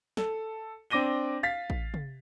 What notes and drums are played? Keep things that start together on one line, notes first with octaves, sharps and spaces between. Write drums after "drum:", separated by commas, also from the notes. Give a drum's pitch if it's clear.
A4, drum: snare
C4 D4 D6 A#6 D#7 G7
F5 A6 B6
drum: kick A1
drum: tom